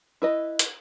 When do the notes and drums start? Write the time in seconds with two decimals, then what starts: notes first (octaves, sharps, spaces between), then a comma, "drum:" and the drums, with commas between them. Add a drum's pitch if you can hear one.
0.22 E4 B4 D#5
0.59 drum: hi-hat